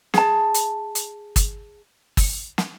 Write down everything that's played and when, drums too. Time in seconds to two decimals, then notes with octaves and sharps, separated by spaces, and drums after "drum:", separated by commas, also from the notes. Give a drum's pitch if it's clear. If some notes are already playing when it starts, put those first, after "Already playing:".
0.14 G#4 A5, drum: snare
0.54 drum: hi-hat
0.95 drum: hi-hat
1.36 drum: kick, hi-hat
2.17 drum: kick, open hi-hat
2.58 drum: snare